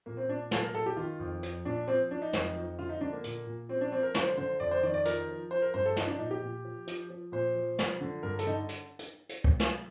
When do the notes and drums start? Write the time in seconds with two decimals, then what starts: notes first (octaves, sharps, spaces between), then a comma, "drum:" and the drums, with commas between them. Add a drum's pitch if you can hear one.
0.06 A#2 A#3
0.17 C4
0.28 A#2 D4
0.51 A#2 A4, drum: snare
0.63 A#4
0.75 A#2 A4
0.86 G4
0.97 D#3 F4
1.20 F2
1.43 F3, drum: hi-hat
1.65 A#2 D4
1.88 F3 C4
2.11 F3 D4
2.22 D#4
2.33 F2, drum: snare
2.56 F3
2.79 D3 F4
2.89 D#4
3.01 D3 D4
3.13 A#3
3.24 A#2, drum: hi-hat
3.47 A#2
3.69 F3 C4
3.81 D4
3.92 F3 C4
4.03 A#4
4.14 D3 C5, drum: snare
4.37 D3 C5
4.60 F2 D5
4.71 C5
4.83 D#3 D5
4.94 D5
5.05 F3 A#4, drum: hi-hat
5.28 F3
5.51 F3 C5
5.62 A#4
5.74 G2 C5
5.86 A4
5.96 F3 D#4, drum: snare
6.07 D4
6.19 A#2 D#4
6.31 G4
6.42 A#2
6.65 F3
6.88 F3, drum: hi-hat
7.10 F3
7.32 A#2 C5
7.55 F3
7.79 F3, drum: snare
8.01 D3
8.23 G2 A#4
8.39 A4, drum: hi-hat
8.47 D3 D#4
8.69 drum: hi-hat
8.99 drum: hi-hat
9.29 drum: hi-hat
9.44 drum: kick
9.60 drum: snare